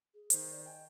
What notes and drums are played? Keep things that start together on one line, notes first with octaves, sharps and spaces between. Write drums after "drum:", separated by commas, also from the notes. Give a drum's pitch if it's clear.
G#4
D#3 C5, drum: hi-hat
D5
D#5 G5 G#5